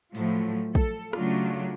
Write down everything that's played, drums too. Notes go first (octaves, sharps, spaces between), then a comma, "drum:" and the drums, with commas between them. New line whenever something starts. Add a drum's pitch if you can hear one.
A2 F3 F#3 A3, drum: open hi-hat
A4, drum: kick
C#3 F#3 A3 D4 F4, drum: rim click